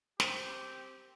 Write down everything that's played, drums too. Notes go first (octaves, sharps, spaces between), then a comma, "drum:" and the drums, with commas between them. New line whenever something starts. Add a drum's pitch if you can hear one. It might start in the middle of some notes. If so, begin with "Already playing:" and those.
C4 G4 A#4 C5 G5, drum: snare